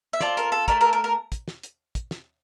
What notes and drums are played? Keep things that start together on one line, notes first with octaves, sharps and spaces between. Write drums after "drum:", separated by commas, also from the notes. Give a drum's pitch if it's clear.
E5
C4 F4 A4 D5, drum: snare
A#4, drum: hi-hat
A4
A3 D4 A4 A#4, drum: kick, hi-hat
A#4
A#4
A#4
drum: kick, hi-hat
drum: snare
drum: hi-hat
drum: kick, hi-hat
drum: snare